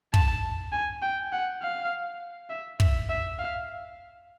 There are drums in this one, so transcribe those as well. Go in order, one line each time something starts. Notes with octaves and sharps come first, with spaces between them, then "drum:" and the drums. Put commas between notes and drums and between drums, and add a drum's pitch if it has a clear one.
A5, drum: kick
G#5
G5
F#5
F5
E5
E5, drum: kick
E5
F5